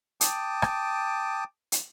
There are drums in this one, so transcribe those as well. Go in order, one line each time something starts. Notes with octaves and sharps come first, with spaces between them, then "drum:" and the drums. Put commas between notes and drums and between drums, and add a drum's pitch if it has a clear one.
G5 A5 D6 D#6, drum: hi-hat
drum: rim click
drum: hi-hat